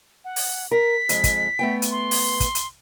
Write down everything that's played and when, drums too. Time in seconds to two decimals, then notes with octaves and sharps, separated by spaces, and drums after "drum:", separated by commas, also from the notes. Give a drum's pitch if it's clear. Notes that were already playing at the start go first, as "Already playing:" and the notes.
0.25 F#5
0.36 drum: open hi-hat
0.71 A#4 B6
1.09 F2 G#3, drum: hi-hat
1.24 drum: kick, hi-hat
1.59 A3 B3 G5
1.82 drum: hi-hat
1.91 C6
2.11 drum: open hi-hat
2.40 drum: kick, hi-hat
2.55 drum: hi-hat